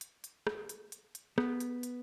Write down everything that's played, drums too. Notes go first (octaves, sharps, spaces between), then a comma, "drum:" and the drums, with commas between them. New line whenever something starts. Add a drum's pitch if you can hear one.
drum: hi-hat
drum: hi-hat
drum: rim click
drum: hi-hat
drum: hi-hat
drum: hi-hat
B3, drum: rim click
drum: hi-hat
drum: hi-hat